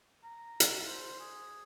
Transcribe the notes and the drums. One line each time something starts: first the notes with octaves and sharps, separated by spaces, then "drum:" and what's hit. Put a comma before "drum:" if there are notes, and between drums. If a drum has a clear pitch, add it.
A#5
drum: hi-hat
C5
G#4